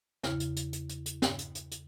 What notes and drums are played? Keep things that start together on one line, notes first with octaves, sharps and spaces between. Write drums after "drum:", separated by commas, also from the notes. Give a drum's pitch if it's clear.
E2 C#3 E4 F6, drum: snare
drum: hi-hat
drum: hi-hat
drum: hi-hat
drum: hi-hat
drum: hi-hat
drum: snare
drum: hi-hat
drum: hi-hat
drum: hi-hat